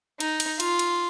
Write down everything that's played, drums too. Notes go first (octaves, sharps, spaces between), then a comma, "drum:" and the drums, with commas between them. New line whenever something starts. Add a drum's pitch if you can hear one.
D#4, drum: cymbal
drum: cymbal
F4, drum: cymbal
drum: cymbal